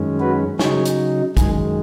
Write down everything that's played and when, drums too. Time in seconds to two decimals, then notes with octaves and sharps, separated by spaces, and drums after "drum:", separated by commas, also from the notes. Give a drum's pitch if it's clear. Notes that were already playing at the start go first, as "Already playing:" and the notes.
Already playing: F#2 D#3 G#3 C#4
0.20 F#4 B4
0.59 C#3 F#3 D#4 G#4 C#5, drum: snare
0.85 drum: hi-hat
1.37 F#2 D#3 G#3 G#4, drum: kick, hi-hat